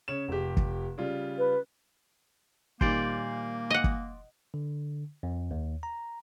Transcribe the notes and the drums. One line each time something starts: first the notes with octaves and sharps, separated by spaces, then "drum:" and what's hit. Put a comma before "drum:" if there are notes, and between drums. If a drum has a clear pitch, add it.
C#3 C#5 E7
F1 G4
drum: kick
C#3 G3 F4
B4
A#2 D#3 G3 A#3 C5 D5, drum: kick
D#5 F#5
drum: kick
D3
F2
D#2
A#5